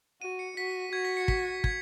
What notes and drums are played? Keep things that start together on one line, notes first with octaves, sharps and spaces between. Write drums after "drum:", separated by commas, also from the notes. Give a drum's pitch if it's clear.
F#4 D#7
C#7
F#4 B6
F#4 G#6
B6
C#7
B6, drum: kick
G#6, drum: kick